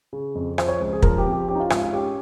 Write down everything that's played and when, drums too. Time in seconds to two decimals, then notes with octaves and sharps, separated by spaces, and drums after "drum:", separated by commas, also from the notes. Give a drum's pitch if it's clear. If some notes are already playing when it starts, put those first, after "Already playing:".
0.13 C#3
0.35 F2
0.58 F3 C5, drum: rim click
0.68 C#5
0.79 C#2 C5
0.93 G#4
1.02 F3 A#4, drum: kick
1.18 G4
1.26 C4
1.33 G4
1.48 C#4 G4
1.55 D#4
1.60 F4
1.70 G#2 F4, drum: rim click
1.82 F4
1.93 C#4 G4